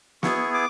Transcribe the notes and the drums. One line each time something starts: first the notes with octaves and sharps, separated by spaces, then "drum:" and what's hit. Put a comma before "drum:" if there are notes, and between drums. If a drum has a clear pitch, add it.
B3 E4 G#4 C#6, drum: snare
D6